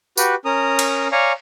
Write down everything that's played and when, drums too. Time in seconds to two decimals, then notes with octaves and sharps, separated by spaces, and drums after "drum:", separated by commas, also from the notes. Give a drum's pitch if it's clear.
0.17 F#4 G4 B4, drum: tambourine
0.45 C#4 A#4 A#5 D#6
0.79 drum: cymbal
1.12 C#5 D5 F5 G#5 A#5 C#6